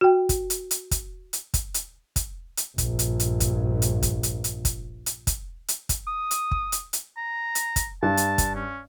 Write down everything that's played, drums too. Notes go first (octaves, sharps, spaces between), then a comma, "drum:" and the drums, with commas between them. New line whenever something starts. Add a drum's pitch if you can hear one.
F#4 G5
drum: kick, hi-hat
drum: hi-hat
drum: hi-hat
drum: kick, hi-hat
drum: hi-hat
drum: kick, hi-hat
drum: hi-hat
drum: kick, hi-hat
drum: hi-hat
A#1 G2, drum: kick, hi-hat
drum: hi-hat
drum: hi-hat
drum: kick, hi-hat
drum: hi-hat
drum: kick, hi-hat
drum: hi-hat
drum: hi-hat
drum: kick, hi-hat
drum: hi-hat
drum: kick, hi-hat
drum: hi-hat
drum: kick, hi-hat
D#6
drum: hi-hat
drum: kick
drum: hi-hat
drum: hi-hat
A#5
drum: hi-hat
drum: kick, hi-hat
G2 A5
drum: hi-hat
drum: kick, hi-hat
C#4